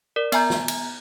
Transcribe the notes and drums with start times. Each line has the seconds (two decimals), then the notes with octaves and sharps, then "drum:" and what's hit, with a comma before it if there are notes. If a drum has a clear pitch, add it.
0.16 A#4 D5
0.32 B3 E5 G#5 A#5 G6, drum: cymbal
0.50 drum: snare
0.68 drum: cymbal